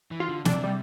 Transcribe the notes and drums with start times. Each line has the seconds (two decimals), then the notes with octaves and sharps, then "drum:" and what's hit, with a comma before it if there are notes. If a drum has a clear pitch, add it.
0.11 E3
0.20 F4
0.29 D3
0.45 C3 D4, drum: snare
0.64 G3